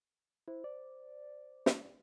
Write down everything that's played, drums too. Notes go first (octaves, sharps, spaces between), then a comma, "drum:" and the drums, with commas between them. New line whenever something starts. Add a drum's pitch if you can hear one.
E4 C5
D5
drum: snare